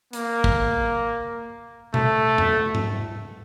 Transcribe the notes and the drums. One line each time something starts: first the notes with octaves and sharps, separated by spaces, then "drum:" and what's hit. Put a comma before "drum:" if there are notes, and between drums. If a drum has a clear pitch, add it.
A#3, drum: hi-hat
drum: kick
A3, drum: tom B2
drum: tom F2
drum: tom G#2